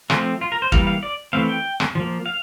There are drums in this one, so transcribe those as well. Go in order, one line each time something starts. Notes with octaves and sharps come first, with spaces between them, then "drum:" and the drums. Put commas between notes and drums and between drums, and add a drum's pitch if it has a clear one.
F3 A3 C4 F4, drum: rim click
F4
A#4
C5
E3 G3 A#3 F5, drum: kick
F5
D5
E3 A3 C4 F5
G5
drum: rim click
F3 A#3
F5